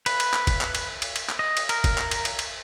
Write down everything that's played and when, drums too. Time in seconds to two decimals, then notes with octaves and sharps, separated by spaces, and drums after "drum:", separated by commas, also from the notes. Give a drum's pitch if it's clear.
0.06 B4, drum: cymbal
0.20 drum: cymbal
0.34 drum: clap
0.47 drum: kick, cymbal
0.61 drum: clap
0.75 drum: cymbal
1.02 drum: cymbal
1.16 drum: cymbal
1.29 drum: clap
1.39 D#5
1.57 drum: cymbal
1.69 A#4, drum: cymbal
1.84 drum: kick, cymbal
1.98 drum: clap
2.11 drum: cymbal
2.25 drum: cymbal
2.39 drum: cymbal